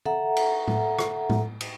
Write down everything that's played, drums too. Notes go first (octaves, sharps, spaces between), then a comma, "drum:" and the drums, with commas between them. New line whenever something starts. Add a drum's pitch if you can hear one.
A4 E5 F#5 A#5, drum: tom
drum: cymbal
drum: tom A2
drum: rim click
drum: tom A2
drum: cymbal